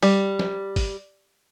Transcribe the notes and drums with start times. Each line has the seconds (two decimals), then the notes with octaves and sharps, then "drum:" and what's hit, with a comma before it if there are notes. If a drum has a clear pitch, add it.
0.02 G3, drum: open hi-hat
0.39 drum: snare
0.76 drum: kick G1, open hi-hat